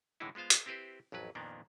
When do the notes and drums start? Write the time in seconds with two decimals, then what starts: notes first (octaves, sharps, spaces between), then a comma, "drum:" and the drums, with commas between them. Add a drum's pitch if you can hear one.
0.20 A2 D3 E3 G#3 D#4 E4
0.35 G#3 B3 F4 C5 F5
0.50 drum: hi-hat
0.66 C4 E4 G4 B4 C5
1.12 A1 F2 F#3 B4
1.35 F2 A#2 D#3 A#3 B3 D4